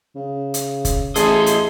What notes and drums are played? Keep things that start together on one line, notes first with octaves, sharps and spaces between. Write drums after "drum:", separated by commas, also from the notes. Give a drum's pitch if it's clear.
C#3
drum: hi-hat
drum: kick F#1, hi-hat
A1 E4 G#4 A4 D#5 C6, drum: hi-hat
drum: hi-hat